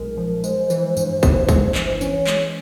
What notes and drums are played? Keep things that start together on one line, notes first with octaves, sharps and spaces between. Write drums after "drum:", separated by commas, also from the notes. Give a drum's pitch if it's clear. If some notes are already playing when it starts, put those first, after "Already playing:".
Already playing: B1 A#2 G#3 A#4
F3
G#3 C5, drum: tambourine
E3, drum: tambourine
G2, drum: tambourine
G1, drum: kick, tambourine
G#3, drum: kick, tambourine
E3, drum: clap
C#4 C#5, drum: tambourine
G#3, drum: clap